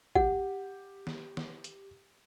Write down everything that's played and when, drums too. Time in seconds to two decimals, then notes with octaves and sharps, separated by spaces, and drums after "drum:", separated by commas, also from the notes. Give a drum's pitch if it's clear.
0.15 G4 F#5, drum: kick
1.07 drum: snare
1.37 drum: snare
1.64 drum: hi-hat